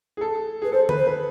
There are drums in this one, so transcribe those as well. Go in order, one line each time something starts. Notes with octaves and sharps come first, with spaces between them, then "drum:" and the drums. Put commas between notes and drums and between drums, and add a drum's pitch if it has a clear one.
G#4
A4
G#4 B4
A4 C5
B4, drum: tom D3
C5
B4